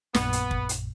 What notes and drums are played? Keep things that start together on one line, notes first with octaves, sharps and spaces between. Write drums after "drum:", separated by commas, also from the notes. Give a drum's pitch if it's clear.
A#1 F#2 A#2 B3, drum: snare
drum: hi-hat
drum: kick
drum: hi-hat